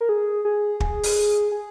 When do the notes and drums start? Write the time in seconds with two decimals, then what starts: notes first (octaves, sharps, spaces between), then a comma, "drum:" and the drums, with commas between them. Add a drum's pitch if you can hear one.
0.01 A#4
0.09 G#4
0.45 G#4
0.80 G#4, drum: kick
1.03 drum: open hi-hat
1.52 G#4